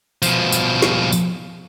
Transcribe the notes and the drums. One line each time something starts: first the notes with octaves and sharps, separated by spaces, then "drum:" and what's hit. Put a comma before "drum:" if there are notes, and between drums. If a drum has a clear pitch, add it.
B2 F3, drum: tambourine
drum: tambourine
drum: snare
drum: tambourine